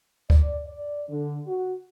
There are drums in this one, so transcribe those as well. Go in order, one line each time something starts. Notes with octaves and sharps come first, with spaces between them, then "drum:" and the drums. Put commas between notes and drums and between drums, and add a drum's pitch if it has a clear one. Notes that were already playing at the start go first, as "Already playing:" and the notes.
D5, drum: kick D2
D5
D3
F#4